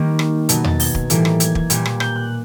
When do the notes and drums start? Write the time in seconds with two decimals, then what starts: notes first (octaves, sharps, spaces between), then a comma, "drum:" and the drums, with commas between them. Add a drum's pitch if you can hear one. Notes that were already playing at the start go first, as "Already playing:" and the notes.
Already playing: D#3 G3 A#3 F6
0.19 drum: rim click
0.49 B2 F#3 B3, drum: hi-hat
0.64 A6, drum: tom E2
0.80 G#6, drum: open hi-hat
0.95 drum: kick
1.10 A2 E3 G3 A#3, drum: hi-hat
1.25 drum: rim click
1.40 G#6, drum: hi-hat
1.55 G#6, drum: kick
1.70 A#2 G3 A#3, drum: hi-hat
1.85 drum: rim click
2.00 G6, drum: rim click
2.16 F#6